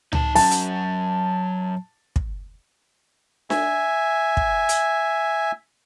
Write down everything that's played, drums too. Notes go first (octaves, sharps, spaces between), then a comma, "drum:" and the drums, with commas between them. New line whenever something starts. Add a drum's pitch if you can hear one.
D#4 A5, drum: tom C#2
F#3 C#4 A5, drum: open hi-hat
drum: hi-hat
drum: kick
E5 G#5, drum: snare D4
drum: kick
drum: hi-hat